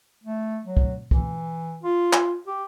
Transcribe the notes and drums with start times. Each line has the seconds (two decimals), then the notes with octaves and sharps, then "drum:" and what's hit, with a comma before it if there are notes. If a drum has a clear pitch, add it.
0.24 A3
0.65 F#3
0.77 drum: kick
1.11 E3, drum: kick
1.83 F4
2.13 drum: clap
2.47 G4